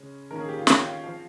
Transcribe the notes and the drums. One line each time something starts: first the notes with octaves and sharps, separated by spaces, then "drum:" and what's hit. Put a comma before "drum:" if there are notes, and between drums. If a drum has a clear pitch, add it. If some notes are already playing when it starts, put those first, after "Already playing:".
Already playing: C#3 G#3 C#4
D#3 A#3 C#4 A#4
G#4
G4
F4
C#5, drum: snare
G5
F5
F3 C4 F5